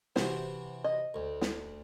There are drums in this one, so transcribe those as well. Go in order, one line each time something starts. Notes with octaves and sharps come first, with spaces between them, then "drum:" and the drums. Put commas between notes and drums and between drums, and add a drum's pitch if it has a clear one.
C3 E3 F#4 C5, drum: snare
D#5
D2
drum: snare